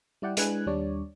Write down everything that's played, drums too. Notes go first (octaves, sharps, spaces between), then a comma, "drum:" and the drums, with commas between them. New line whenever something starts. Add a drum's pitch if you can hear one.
G3 E4 D5 F#5 G5
G#3 D4 E4 B4 G#5 F#6, drum: hi-hat
D#2 G3 D4 C#5 D5